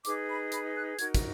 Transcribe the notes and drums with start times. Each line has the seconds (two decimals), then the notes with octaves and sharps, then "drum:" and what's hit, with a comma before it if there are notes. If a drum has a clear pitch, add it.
0.05 D#4 G#4 B4 D6, drum: hi-hat
0.29 B5
0.52 B5, drum: hi-hat
0.76 F#6
0.99 D#4 F#4 A#4 G#6, drum: hi-hat
1.15 drum: kick, hi-hat